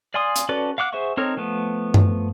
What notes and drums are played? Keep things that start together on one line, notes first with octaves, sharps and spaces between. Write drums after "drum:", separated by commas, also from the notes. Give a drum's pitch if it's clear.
D5 F5 G#5 C6 D#6
drum: hi-hat
C#4 F#4 A4 B4 D5
F5 F#5 D6 F#6
G#4 C5 E5 F#5 C#6
C4 D#4 A4 A#4 C#5
F3 A3 B3
drum: tom G2